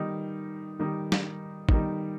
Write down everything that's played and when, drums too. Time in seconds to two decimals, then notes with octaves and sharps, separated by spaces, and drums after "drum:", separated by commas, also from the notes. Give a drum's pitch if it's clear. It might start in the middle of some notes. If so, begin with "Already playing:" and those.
Already playing: D#3 G3 D#4
0.80 D#3 G3 D#4
1.12 drum: snare
1.69 D#3 G3 D#4, drum: kick